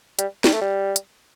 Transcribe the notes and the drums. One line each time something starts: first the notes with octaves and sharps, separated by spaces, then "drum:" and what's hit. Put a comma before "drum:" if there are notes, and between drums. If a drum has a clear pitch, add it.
G3, drum: hi-hat
G3, drum: snare
A3
G3
drum: hi-hat